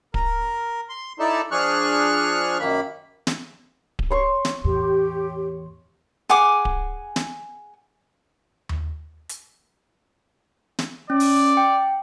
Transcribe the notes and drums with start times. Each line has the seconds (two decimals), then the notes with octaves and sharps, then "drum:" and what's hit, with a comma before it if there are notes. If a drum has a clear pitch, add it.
0.14 A#4, drum: kick D1
0.89 C6
1.19 D#4 E4 A4 D5 A5
1.51 F3 D4 G#4 C#6 F6 F#6
2.60 F#2 D#3 A#3 B5
3.27 drum: snare
3.99 drum: kick D1
4.11 C#5 C6 C#6
4.45 drum: snare
4.64 E2 A2 G4
6.29 G#4 F#5 G#5 D6
6.65 drum: kick D1
7.16 drum: snare
8.69 drum: tom D#2
9.29 drum: hi-hat
10.79 drum: snare
11.10 C#4 D5
11.20 drum: open hi-hat
11.57 G5